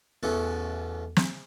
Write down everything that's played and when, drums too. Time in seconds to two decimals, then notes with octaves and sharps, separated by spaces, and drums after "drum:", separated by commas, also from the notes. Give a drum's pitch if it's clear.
0.23 A1 E2 B2 C#4 A4
1.16 drum: snare